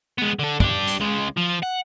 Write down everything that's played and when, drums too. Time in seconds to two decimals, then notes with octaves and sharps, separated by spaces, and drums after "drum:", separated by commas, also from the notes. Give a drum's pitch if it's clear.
0.18 G#3 B3
0.39 D3 A4
0.60 D4 G4, drum: kick
0.87 drum: hi-hat
1.00 C#2 G#3
1.37 F3
1.63 F#5